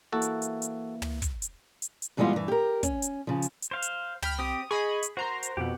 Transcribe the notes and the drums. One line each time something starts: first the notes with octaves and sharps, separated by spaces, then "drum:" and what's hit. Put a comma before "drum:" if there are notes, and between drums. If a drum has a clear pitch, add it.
E3 A#3 E4 F#4 A4
drum: hi-hat
drum: hi-hat
drum: hi-hat
drum: tom
drum: kick, hi-hat
drum: hi-hat
drum: hi-hat
drum: hi-hat
G2 E3 G3 G#3 B3 F4
G2 E3
G4 A#4
C#4, drum: kick, hi-hat
drum: hi-hat
C#3 F3
drum: hi-hat
drum: hi-hat
C5 F5
drum: hi-hat
G5 B5 F6, drum: tom
C4 G4 D#6
G#4 D#5 B5 C#6
drum: hi-hat
F#4 A#4 C5 A#5 C6
drum: hi-hat
F2 B2 G4 F#5